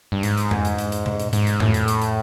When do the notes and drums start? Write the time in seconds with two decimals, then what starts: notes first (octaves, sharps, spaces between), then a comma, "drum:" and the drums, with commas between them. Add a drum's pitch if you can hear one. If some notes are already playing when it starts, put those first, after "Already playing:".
0.12 G2
0.23 G#2, drum: hi-hat
0.37 drum: hi-hat
0.51 drum: tom F2
0.65 drum: hi-hat
0.79 drum: hi-hat
0.92 drum: hi-hat
1.06 drum: tom B2
1.20 drum: hi-hat
1.33 G#2, drum: hi-hat
1.47 drum: hi-hat
1.60 A2, drum: tom F2
1.74 drum: hi-hat
1.88 drum: hi-hat
2.02 drum: hi-hat